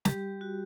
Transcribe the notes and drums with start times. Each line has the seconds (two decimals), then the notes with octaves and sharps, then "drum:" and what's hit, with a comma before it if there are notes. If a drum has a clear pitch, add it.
0.05 G3 G4, drum: snare
0.41 F#4